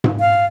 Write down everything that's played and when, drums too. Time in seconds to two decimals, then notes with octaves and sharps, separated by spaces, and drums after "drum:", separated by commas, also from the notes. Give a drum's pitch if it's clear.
0.04 drum: tom G#2
0.20 F5